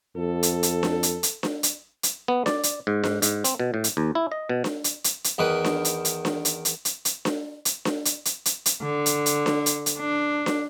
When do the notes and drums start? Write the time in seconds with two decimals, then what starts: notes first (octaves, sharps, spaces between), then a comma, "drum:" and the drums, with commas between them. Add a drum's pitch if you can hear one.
0.17 F2 A4
0.43 drum: hi-hat
0.63 drum: hi-hat
0.83 drum: snare D4
1.03 drum: hi-hat
1.23 drum: hi-hat
1.43 drum: snare D4
1.63 drum: hi-hat
2.03 drum: hi-hat
2.28 B3
2.46 D5, drum: snare D4
2.63 drum: hi-hat
2.87 G#2
3.04 G#2, drum: snare D4
3.22 G#2, drum: hi-hat
3.44 C4, drum: hi-hat
3.60 B2
3.74 A2
3.84 drum: hi-hat
3.97 D#2
4.15 E4
4.32 D#5
4.49 B2
4.64 drum: snare D4
4.84 drum: hi-hat
5.04 drum: hi-hat
5.24 drum: hi-hat
5.38 E2 D#3 B4
5.64 drum: snare D4
5.85 drum: hi-hat
6.05 drum: hi-hat
6.25 drum: snare D4
6.45 drum: hi-hat
6.65 drum: hi-hat
6.85 drum: hi-hat
7.05 drum: hi-hat
7.25 drum: snare D4
7.65 drum: hi-hat
7.85 drum: snare D4
8.05 drum: hi-hat
8.25 drum: hi-hat
8.45 drum: hi-hat
8.66 drum: hi-hat
8.82 D3
9.06 drum: hi-hat
9.26 drum: hi-hat
9.46 drum: snare D4
9.66 drum: hi-hat
9.86 drum: hi-hat
9.98 D4
10.46 drum: snare D4